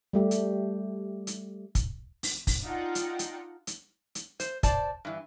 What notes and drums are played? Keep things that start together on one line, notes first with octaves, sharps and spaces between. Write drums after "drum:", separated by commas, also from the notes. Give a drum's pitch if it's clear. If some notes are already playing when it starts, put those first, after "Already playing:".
G3 A3 G4
drum: hi-hat
drum: hi-hat
drum: kick, hi-hat
drum: open hi-hat
drum: kick, open hi-hat
D4 D#4 F4 F#5 G5
drum: hi-hat
drum: hi-hat
drum: hi-hat
drum: hi-hat
C5, drum: hi-hat
C5 D5 A5, drum: kick, hi-hat
G2 E3